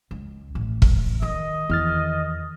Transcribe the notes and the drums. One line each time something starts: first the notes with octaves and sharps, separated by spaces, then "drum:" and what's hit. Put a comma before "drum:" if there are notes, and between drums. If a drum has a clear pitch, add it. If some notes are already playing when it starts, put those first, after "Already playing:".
C#2
A1
drum: kick
D#3 D#5
E2 D#3 F6 A6